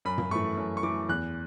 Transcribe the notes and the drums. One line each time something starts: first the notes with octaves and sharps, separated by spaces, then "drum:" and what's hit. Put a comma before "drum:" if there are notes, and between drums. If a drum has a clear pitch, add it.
F#2 B5
drum: tom
E3 A3 C#6
F#2
C#6
E3 A3 D6
E2 F#6